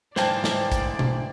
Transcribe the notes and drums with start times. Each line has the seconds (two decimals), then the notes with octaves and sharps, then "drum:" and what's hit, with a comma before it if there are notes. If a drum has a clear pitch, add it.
0.16 D2 G#2 E3 A#3 C5 D5 G5 A5, drum: snare
0.44 drum: snare
0.72 drum: kick, hi-hat
0.99 drum: tom B2